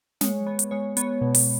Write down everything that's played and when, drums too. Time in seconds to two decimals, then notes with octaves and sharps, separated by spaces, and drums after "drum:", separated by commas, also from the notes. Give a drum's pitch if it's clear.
0.21 G#3 C#5, drum: snare
0.46 B3 C#5
0.59 drum: hi-hat
0.71 G#3 C#5
0.97 B3 C#5, drum: hi-hat
1.21 B2
1.35 drum: open hi-hat